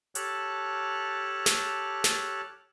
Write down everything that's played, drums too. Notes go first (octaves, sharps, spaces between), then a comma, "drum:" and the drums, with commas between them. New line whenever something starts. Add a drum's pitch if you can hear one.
G4 A4 C#5 A5 F6 F#6, drum: hi-hat
drum: snare
drum: snare